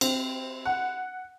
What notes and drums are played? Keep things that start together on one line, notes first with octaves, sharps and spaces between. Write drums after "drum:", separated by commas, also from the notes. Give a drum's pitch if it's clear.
C4, drum: cymbal
F#5